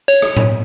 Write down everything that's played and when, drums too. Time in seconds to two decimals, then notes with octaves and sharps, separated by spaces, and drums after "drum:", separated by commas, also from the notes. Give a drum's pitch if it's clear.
0.08 C#5, drum: hi-hat
0.22 drum: rim click
0.37 drum: tom A2